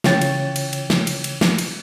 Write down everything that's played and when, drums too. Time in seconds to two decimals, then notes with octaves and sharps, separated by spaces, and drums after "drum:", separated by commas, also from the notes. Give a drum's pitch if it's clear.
0.04 C#3 E3 F4 C#5 G5 A6, drum: snare
0.22 drum: cymbal
0.56 drum: cymbal
0.73 drum: cymbal
0.90 drum: snare
1.07 drum: cymbal
1.24 drum: cymbal
1.41 drum: snare
1.58 drum: cymbal